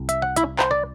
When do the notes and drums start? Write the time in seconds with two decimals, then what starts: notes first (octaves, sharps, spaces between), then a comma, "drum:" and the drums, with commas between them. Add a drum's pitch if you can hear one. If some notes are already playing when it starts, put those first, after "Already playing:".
Already playing: C2
0.09 E5, drum: hi-hat
0.22 F#5
0.36 E4 E5, drum: hi-hat
0.59 C5, drum: clap
0.71 D5